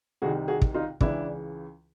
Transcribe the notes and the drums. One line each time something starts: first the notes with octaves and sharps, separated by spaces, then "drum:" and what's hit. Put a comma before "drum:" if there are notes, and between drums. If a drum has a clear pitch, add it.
C2 C3 D#3 F#4 G#4
F#4 G#4
drum: kick
D#4 F4
C#2 C#3 E3 D4 E4, drum: kick